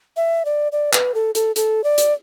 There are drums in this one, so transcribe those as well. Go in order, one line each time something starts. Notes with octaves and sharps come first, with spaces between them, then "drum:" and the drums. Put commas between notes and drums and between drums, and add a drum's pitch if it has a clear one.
E5
D5
D5
B4, drum: clap
A4
A4, drum: hi-hat
A4, drum: hi-hat
D5
drum: hi-hat